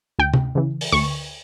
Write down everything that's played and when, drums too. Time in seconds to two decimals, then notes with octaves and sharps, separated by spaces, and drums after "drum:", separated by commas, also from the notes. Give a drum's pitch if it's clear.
0.19 D2 G5
0.34 drum: tom C3
0.55 C#3 E3
0.81 drum: open hi-hat
0.92 D2 C#6